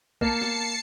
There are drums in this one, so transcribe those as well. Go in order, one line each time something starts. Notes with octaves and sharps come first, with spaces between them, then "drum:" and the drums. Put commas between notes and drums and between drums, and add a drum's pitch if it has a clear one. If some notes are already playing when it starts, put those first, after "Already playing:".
A#3 A5 C7 C#7, drum: kick B1
drum: snare B3